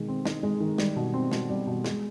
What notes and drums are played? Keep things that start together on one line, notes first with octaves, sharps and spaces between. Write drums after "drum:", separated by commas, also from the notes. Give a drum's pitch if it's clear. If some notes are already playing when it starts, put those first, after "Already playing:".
Already playing: B2 D#3 G#3
C4
D#4, drum: snare
G#3
D#3
G3, drum: snare
B2
C4
B2, drum: snare
G3
B2
G#3, drum: snare